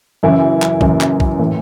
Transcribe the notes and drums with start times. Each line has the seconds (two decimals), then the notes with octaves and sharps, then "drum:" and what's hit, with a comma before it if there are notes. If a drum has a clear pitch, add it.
0.23 F#2 C#3 E3 E4
0.62 drum: clap
0.81 F#2 C#3 E3, drum: kick
1.01 drum: clap
1.20 drum: kick
1.39 A2 E3